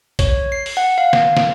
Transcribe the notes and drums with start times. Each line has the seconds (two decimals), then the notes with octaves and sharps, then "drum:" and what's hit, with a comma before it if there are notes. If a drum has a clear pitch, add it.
0.19 C#5, drum: kick, hi-hat
0.52 C7
0.66 drum: open hi-hat
0.77 F#5
0.98 F5
1.13 drum: snare
1.37 drum: snare